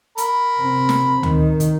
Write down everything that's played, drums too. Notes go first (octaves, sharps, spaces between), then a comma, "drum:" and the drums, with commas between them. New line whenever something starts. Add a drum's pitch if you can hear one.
A#4 B5, drum: hi-hat
C3 C4
drum: snare
D#3, drum: tom D2
drum: hi-hat